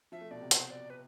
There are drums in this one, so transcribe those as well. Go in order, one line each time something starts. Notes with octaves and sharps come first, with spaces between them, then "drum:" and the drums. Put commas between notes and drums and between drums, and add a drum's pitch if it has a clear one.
F3 E5
A3
B2 D5
C3
C5, drum: hi-hat
D5
B4